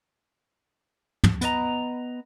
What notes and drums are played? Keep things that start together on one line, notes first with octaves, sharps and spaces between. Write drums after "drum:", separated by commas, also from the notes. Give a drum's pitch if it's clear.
drum: tom
B3 B4 D#5 A#5, drum: hi-hat